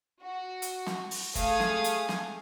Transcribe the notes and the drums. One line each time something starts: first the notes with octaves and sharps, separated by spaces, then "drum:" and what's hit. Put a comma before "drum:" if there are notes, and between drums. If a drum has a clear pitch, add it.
F#4
drum: hi-hat
drum: snare
drum: open hi-hat
A3 G#4 F5 D#6 G#6, drum: kick, hi-hat
drum: snare
drum: hi-hat
drum: snare